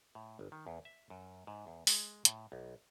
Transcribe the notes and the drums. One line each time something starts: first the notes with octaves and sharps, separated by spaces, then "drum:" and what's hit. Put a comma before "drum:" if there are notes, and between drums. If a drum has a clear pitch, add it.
A2
G1
D#3
E2
E5
F#2
G#2
E2
G#3, drum: open hi-hat
A2, drum: hi-hat
B1